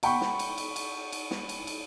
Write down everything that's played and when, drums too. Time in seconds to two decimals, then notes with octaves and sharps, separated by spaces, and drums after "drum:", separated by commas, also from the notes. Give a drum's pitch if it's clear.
0.03 F#5 G5 B5 C#6, drum: cymbal
0.21 drum: snare
0.39 drum: cymbal
0.58 drum: cymbal
0.76 drum: cymbal
1.12 drum: cymbal
1.31 drum: snare
1.49 drum: cymbal
1.67 drum: cymbal